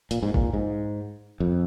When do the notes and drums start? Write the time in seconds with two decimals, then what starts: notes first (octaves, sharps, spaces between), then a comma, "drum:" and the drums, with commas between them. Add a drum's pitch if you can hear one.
0.11 A#2, drum: hi-hat
0.23 G#2
0.34 A#2, drum: kick
0.54 G#2
1.40 F2